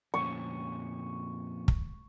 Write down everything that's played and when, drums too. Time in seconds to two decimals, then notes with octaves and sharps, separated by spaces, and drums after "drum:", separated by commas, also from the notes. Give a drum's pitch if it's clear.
0.14 F2 A#2 C#4 C#6
1.68 drum: kick